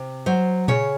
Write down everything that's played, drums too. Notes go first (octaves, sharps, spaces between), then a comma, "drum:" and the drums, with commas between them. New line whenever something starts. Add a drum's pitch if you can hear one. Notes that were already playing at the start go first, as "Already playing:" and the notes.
Already playing: C3
F#3 C5
C#3 C#5, drum: tom A#2